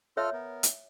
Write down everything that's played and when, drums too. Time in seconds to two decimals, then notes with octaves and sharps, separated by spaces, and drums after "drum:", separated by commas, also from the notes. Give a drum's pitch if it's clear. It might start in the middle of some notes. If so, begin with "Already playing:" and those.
0.17 F4 A4 C#5 E5 F6
0.33 B3 A#4
0.63 drum: hi-hat